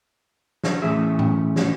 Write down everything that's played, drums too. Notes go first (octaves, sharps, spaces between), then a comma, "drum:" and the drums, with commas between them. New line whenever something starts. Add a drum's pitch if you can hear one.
drum: snare
A2 E3 A3 C#4 G#4 E5
drum: tom A2
drum: snare